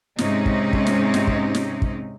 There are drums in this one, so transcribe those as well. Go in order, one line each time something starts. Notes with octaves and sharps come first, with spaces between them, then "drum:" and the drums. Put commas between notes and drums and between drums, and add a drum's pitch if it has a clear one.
G#2 C3 G#3 C4 C#4 D#4, drum: snare
drum: kick
drum: kick
drum: snare
drum: snare
drum: kick
drum: snare
drum: kick